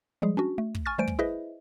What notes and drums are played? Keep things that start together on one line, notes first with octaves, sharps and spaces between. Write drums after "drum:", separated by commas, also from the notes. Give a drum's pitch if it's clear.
F3 G3 G#3 G#4
C#4 D4 F#4
A3
drum: kick
G#5 C#6 F6 A6
E3 G3 A3 C5 G#5 D7
drum: kick
E4 G#4 B4 C5 D#5 E5